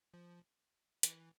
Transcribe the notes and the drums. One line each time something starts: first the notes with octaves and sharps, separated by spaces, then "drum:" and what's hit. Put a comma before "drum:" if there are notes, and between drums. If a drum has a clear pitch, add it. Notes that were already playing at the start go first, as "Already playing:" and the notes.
F3
E3, drum: hi-hat